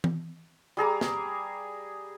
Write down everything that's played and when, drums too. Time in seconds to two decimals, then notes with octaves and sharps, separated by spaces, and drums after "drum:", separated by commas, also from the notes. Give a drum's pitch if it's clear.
0.04 drum: tom E3
0.77 G3 G#4 A#5 D6
1.01 drum: snare